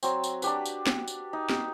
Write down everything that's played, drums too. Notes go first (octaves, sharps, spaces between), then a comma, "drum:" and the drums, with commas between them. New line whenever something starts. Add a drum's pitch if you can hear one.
F#3 C4, drum: tambourine
drum: tambourine
D4 F#4 G4 B4, drum: tambourine
drum: tambourine
drum: snare
drum: tambourine
D#4
drum: snare